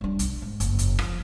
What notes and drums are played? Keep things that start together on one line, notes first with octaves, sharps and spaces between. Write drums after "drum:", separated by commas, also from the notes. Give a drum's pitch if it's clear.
G3 D4
B1, drum: hi-hat
G#2
F#1 A#3, drum: hi-hat
drum: hi-hat
F3, drum: rim click